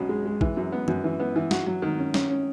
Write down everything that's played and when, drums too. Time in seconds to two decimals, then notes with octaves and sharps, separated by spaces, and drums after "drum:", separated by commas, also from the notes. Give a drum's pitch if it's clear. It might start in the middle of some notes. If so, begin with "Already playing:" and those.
Already playing: B1 B2 C#4
0.09 G#3
0.26 G#3
0.41 E3, drum: kick
0.57 F#2
0.72 B3
0.88 F#2, drum: tom D#3
1.04 E3
1.20 B3
1.36 E3
1.51 F#4, drum: snare
1.67 F#3
1.82 D#3
1.99 C#4
2.14 C#4, drum: snare
2.30 C#4